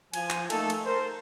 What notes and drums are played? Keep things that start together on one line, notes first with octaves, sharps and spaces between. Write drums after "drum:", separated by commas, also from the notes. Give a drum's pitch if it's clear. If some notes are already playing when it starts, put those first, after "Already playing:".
F3 G#5, drum: cymbal
drum: clap
A3 A#3 D#4 A4, drum: cymbal
drum: cymbal
A#4 C5